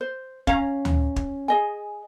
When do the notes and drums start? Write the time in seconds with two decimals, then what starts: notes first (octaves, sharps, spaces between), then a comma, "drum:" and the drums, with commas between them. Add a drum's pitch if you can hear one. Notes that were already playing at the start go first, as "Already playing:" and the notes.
0.01 C5
0.47 C#4 F5 A#5, drum: kick
0.85 drum: tom D2
1.16 drum: kick
1.48 G#4 D#5 G#5